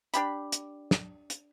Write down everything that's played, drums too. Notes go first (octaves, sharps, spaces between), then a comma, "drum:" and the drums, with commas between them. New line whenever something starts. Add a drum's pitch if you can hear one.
D4 G4 B5, drum: hi-hat
drum: hi-hat
drum: snare
drum: hi-hat